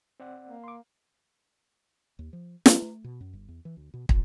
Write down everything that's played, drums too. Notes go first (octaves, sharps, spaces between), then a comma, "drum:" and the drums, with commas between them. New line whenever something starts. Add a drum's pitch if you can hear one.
C4 D5 F#5
A#3
C6 D6
D#2
F3
F#3, drum: snare
A3
B2
F#2
G1
E2
E3
D2
B2
A#2, drum: kick